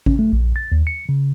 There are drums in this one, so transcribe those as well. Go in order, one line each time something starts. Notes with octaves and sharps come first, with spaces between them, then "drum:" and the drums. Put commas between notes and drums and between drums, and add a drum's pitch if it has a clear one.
C#4, drum: kick G#1
A3
A#1
A6
D#2
C#7
C#3